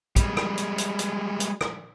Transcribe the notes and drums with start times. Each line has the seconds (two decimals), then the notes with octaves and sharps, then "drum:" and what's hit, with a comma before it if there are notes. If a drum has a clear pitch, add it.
0.16 G3 G#3, drum: kick, hi-hat
0.37 drum: rim click
0.58 drum: hi-hat
0.78 drum: hi-hat
0.99 drum: hi-hat
1.40 drum: hi-hat
1.61 drum: rim click